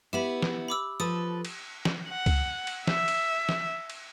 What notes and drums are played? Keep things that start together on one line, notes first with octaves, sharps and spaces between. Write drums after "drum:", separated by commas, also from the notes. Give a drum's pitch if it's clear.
B3 E4 G4 E5 B5
drum: snare
B5 D6 E6
F3 A4 B4 D#6
drum: cymbal
drum: snare
F#5
drum: kick C#2, cymbal
drum: cymbal
E5, drum: snare
drum: cymbal
drum: snare
drum: cymbal